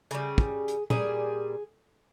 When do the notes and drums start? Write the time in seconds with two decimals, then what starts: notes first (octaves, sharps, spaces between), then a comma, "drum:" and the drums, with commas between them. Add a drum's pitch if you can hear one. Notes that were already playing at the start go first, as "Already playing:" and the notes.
0.11 C#3 G3 G#4, drum: hi-hat
0.38 drum: kick
0.68 drum: hi-hat
0.90 A#2 G3 G#4, drum: tom A#2